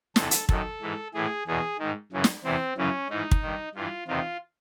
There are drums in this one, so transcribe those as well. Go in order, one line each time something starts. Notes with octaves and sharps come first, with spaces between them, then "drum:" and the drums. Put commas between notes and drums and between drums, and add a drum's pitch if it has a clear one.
E2 C3 E3 A4, drum: snare
drum: hi-hat
F#2 D#3 A4, drum: kick
G#2 E3
A2 E3 G#4
E2 B2 G#4
G#2 D#3
F#2 C#3 E3
drum: snare
E2 C3 E3 C4
F#2 C#3 E3 C#4
G#2 E3 D#4
drum: kick
G2 D#3
G2 E3 F4
E2 C3 D#3 F4